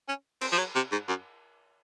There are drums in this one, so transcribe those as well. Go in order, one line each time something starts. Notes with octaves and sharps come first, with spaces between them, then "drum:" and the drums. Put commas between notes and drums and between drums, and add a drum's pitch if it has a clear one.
C#4
C4, drum: cymbal
F3
F#3
C3
G#2
F#2